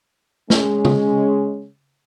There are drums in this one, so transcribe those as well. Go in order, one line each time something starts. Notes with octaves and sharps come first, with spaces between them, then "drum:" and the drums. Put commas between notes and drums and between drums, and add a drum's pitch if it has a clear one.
G#3 C#4, drum: snare
drum: tom C#3